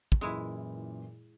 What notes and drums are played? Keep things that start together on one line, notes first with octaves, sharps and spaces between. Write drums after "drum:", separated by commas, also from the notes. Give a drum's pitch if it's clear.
drum: kick
F#2 A#2 E3 G#3 E4